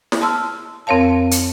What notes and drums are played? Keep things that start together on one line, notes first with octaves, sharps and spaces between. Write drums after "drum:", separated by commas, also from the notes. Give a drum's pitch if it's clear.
drum: snare
A5 C6 E6 F6
F2 C4 A#4 C#5 F5 A5
drum: hi-hat